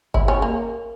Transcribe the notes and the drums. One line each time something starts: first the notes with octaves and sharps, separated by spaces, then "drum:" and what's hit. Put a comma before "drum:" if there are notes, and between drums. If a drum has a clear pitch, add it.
E4, drum: kick G#1
C#4
A#3